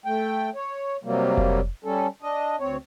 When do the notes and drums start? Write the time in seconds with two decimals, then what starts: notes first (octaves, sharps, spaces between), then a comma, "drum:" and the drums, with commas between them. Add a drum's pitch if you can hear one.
0.06 A3 G5
0.55 C#5
1.04 C3 F#3 G3 A#3
1.38 drum: kick F1
1.84 G3 C#4 A4
2.22 D4 D#5
2.60 D2 C4 C#5